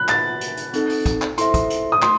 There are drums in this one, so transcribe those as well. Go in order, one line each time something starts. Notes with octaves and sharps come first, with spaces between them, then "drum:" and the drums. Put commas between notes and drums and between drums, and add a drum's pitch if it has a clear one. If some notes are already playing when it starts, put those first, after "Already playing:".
Already playing: B5 F#6
F#4 B4 E5 A6, drum: clap
drum: hi-hat
drum: hi-hat
C4 D#4 A4, drum: hi-hat
drum: open hi-hat
drum: kick, hi-hat
drum: clap
E4 A4 C5 E5 C6, drum: hi-hat
drum: kick, hi-hat
drum: hi-hat
D#6
A3 C6, drum: clap